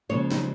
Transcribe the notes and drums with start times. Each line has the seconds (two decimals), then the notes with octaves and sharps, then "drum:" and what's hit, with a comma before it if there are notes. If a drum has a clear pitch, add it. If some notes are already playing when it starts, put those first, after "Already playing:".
0.09 D#2 C#3 F3 G#3 C#5
0.32 D#4, drum: snare